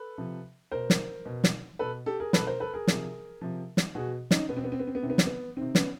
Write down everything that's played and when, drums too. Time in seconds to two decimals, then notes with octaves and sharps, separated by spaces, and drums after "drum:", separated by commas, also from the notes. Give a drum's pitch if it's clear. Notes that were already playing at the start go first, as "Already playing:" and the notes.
Already playing: A4 B4
0.18 C3 F3
0.71 B2 A#4 C5
0.90 drum: snare
1.26 B2
1.44 drum: snare
1.79 B2 A4 B4
2.06 G4 A4
2.20 G#4 A#4
2.33 B2 A4 B4, drum: snare
2.47 A#4 C5
2.60 A4 B4
2.73 G#4 A#4
2.87 C3 F3, drum: snare
3.41 C3 F3
3.77 drum: snare
3.95 B2 F#4 G#4
4.31 C#4 D#4, drum: snare
4.49 B2 B3
4.57 C4
4.64 B3
4.72 C4
4.80 B3
4.87 C4
4.95 B3
5.03 C3 D#3 C4
5.10 B3
5.18 C4, drum: snare
5.26 B3
5.57 C3 D#3 C4
5.75 B3 C#4, drum: snare